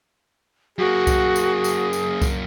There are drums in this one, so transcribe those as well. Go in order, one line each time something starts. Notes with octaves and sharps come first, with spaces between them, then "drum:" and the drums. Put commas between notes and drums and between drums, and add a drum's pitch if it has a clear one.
F#2 A#3 F#4 G#4
drum: kick C2, tambourine
drum: tambourine
drum: tambourine
drum: tambourine
drum: kick C2, tambourine